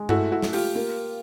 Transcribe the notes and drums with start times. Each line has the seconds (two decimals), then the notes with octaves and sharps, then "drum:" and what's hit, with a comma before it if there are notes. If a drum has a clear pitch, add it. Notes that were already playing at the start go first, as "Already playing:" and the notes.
Already playing: G#3
0.09 A3 E4 F#4, drum: tom G2
0.31 E4 F#4
0.42 A3, drum: snare
0.53 F4 G4, drum: open hi-hat
0.75 A#3